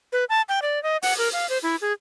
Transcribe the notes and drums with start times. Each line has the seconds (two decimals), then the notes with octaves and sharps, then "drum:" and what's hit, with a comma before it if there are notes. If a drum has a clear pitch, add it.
0.13 B4
0.29 A5
0.49 G5
0.62 D5
0.83 D#5
1.02 F#5, drum: open hi-hat
1.18 A#4
1.33 F5
1.50 C5
1.63 E4
1.81 G#4